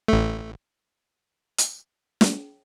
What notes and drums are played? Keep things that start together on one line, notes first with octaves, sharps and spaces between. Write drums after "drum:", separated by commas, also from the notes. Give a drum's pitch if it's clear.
A1 A3
drum: hi-hat
drum: snare